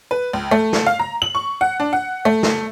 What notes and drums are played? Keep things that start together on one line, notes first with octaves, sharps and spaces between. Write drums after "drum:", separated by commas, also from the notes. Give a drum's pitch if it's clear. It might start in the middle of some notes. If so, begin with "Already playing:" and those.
B4
C#2
A3
drum: snare
F5
A#5
F#7
C#6
F#5
D4
F#5
A3
drum: snare